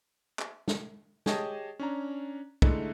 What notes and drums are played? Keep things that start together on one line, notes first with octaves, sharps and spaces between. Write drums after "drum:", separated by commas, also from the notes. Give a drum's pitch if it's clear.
drum: clap
drum: snare
G4 G#4 C#5 D#5 A5, drum: snare
C#4 D4 A#5
D3 G#3 A3 D#4 E4, drum: kick